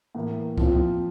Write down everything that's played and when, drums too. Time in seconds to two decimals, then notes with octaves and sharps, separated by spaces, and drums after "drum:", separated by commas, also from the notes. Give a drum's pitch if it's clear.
0.15 A2 E3 A#3
0.58 F3 C4 F4, drum: kick C2